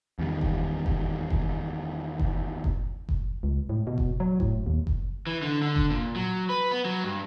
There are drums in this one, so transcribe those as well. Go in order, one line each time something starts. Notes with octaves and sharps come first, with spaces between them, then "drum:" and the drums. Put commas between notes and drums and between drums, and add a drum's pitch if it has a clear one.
E2 D#3 G3
drum: kick F#1
drum: kick F#1
drum: kick F#1
drum: kick F#1
drum: kick F#1
drum: kick F#1
C#2
A2
B2
drum: kick F#1
F#3
A2, drum: kick F#1
D#2
drum: kick F#1
E3
D3
D3
drum: kick F#1
A#2
F#3
B4
B3
F#3
G2